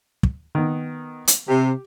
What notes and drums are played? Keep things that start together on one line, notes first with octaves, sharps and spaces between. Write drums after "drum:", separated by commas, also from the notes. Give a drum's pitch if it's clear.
drum: kick
D#3 B3
drum: hi-hat
C3 G4